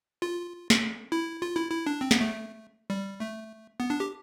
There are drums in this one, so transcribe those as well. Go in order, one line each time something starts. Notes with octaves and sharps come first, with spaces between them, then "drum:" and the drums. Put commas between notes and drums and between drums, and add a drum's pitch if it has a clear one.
F4
drum: snare
E4
F4
E4
E4
D4
C4
B3, drum: snare
A3
G3
A3
B3
D4
G4